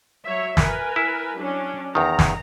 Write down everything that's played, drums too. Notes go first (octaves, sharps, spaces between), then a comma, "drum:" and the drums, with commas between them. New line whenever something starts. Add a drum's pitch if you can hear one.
F#3 C#5 E5
A#4 B4 G#5, drum: snare
E4
F#3 C#4 D4
E2 D#3 A#5
drum: snare